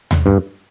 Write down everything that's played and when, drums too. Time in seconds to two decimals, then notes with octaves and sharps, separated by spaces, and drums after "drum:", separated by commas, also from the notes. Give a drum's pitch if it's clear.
0.11 drum: tom D#2
0.26 G2